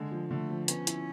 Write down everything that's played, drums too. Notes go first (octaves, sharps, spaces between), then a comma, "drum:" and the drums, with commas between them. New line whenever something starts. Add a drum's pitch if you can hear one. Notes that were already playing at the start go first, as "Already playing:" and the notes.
Already playing: D3 G#3
F3
D3 A3
F3
B3 C#4, drum: hi-hat
E4, drum: hi-hat